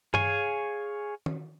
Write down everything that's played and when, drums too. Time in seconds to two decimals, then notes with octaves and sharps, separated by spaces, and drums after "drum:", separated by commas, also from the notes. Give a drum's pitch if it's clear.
0.14 G#4 C#5 F5 G#5 C#6, drum: tom G2
1.26 drum: tom D#3